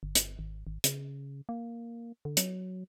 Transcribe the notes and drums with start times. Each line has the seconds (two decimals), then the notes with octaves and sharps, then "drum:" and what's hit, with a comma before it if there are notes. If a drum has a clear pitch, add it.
0.03 G1
0.15 drum: hi-hat
0.39 G#1
0.67 G#1
0.84 C#3, drum: hi-hat
1.49 A#3
2.25 D3
2.37 F#3, drum: hi-hat